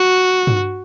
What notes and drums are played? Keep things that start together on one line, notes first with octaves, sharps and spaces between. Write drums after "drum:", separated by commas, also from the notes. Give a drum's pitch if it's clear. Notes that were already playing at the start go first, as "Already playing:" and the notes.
Already playing: F#4
drum: tom G2